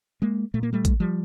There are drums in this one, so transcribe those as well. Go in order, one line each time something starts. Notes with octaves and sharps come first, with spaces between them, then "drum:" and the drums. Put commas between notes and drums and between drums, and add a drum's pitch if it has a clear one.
G#3 A#3
A#2 A3
A#3
G3 A3
drum: kick, hi-hat
F3 G3